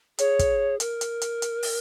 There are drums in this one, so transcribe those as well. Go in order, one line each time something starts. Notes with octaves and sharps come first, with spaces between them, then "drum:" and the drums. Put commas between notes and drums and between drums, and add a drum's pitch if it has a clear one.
G#4 C#5, drum: hi-hat
drum: kick, hi-hat
A#4, drum: hi-hat
drum: hi-hat
drum: hi-hat
drum: hi-hat
drum: open hi-hat